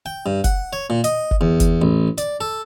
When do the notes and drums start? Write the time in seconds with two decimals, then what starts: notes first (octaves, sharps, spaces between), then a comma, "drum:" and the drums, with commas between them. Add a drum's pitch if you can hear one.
0.06 G5
0.26 G2
0.44 F#5, drum: kick F#1, hi-hat
0.73 C#5
0.90 A#2
1.04 D#5, drum: hi-hat
1.31 drum: kick F#1
1.41 E2
1.60 drum: kick F#1, hi-hat
1.82 A1
2.18 D5, drum: hi-hat
2.41 A4